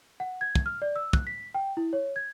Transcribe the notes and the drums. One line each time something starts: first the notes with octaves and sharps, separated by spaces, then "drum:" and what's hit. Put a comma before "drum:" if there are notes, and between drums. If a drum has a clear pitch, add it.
F#5
G#6
drum: kick
F6
D5
E6
F#6, drum: kick
B6
G5
E4
C#5
G#6